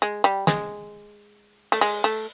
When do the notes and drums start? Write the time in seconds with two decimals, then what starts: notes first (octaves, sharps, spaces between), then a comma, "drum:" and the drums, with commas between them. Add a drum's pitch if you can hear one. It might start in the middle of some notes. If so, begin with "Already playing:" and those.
0.02 G#3
0.24 G3
0.47 G#3, drum: snare
1.72 A3, drum: open hi-hat
1.81 G#3
2.04 A3